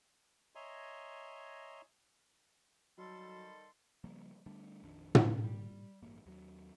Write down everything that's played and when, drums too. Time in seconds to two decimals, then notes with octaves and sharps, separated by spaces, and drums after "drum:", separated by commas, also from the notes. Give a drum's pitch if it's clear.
0.55 C#5 D#5 E5 G#5 A#5 C6
2.98 D#3 F#3 G3 A4 C6
4.04 C#3 F3 G3 A#3
4.46 D3 G3 A3 D4
4.83 A#1 F2 D#3 D4
5.15 drum: tom
5.44 G3
6.03 A1 G2 A#3
6.26 D#2 F#3